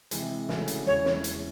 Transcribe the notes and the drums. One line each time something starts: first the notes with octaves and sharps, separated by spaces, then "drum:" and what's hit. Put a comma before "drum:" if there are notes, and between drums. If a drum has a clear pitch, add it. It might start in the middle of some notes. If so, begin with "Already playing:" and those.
C3 E3 G#3, drum: hi-hat
C#3 E3 A3 C#4 F#4, drum: snare
drum: hi-hat
E2 C#3 E3 G#3 C#5
drum: snare
drum: hi-hat